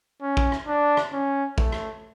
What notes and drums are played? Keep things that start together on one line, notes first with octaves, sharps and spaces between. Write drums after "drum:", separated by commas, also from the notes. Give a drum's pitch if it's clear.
C#4
drum: kick
drum: rim click
D4
drum: rim click
C#4
A3, drum: kick
drum: rim click